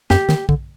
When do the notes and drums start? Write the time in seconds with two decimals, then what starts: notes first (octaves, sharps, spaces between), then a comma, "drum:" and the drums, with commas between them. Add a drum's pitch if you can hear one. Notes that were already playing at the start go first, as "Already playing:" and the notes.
0.10 F#2 G4, drum: snare
0.29 D#3, drum: snare
0.49 D3, drum: kick